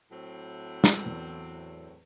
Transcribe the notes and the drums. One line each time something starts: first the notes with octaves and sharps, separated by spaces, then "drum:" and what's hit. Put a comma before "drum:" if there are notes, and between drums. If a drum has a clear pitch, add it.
A2 F#3 C4
drum: snare
E2